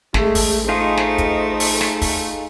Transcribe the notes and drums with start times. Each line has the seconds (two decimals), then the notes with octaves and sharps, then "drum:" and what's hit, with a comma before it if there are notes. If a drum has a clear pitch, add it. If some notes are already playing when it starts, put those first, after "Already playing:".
0.14 A1 G#3 A3, drum: snare
0.35 drum: kick, open hi-hat
0.69 A3 D#4 F4 G#4 C5 D#5
0.97 drum: snare
1.18 drum: kick, hi-hat
1.60 drum: open hi-hat
1.81 drum: snare
2.02 drum: kick, open hi-hat